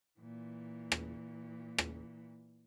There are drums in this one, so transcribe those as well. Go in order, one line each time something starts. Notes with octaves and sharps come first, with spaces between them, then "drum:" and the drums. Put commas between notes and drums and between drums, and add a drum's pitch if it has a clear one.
A#2 E3
drum: rim click
drum: rim click